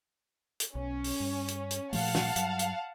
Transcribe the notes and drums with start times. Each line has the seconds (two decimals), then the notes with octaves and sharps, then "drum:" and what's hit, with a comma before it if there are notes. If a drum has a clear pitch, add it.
0.60 drum: hi-hat
0.75 B1 C#4
1.04 drum: open hi-hat
1.20 G2
1.48 drum: hi-hat
1.70 drum: hi-hat
1.93 A#2 F3 A3 F5 F#5 A5, drum: open hi-hat
2.15 drum: snare
2.36 G2 F#3, drum: hi-hat
2.59 drum: hi-hat